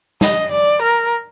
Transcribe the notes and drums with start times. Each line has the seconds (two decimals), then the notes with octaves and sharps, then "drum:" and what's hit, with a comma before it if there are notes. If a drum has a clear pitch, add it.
0.21 D#5, drum: snare
0.51 D5
0.82 A#4